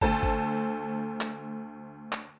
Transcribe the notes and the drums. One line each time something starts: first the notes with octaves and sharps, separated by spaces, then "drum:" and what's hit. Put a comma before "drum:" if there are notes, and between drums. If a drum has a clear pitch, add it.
D2 A3 A4 C5 A5, drum: kick
drum: kick
drum: clap
drum: clap